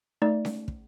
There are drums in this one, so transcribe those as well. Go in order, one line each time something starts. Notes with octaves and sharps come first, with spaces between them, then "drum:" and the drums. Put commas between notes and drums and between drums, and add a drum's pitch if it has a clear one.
A3 D#4 D5
drum: snare C#4
drum: kick